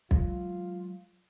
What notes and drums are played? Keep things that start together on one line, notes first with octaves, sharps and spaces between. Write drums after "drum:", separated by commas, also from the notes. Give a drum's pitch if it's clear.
F#3 G#3 F4, drum: kick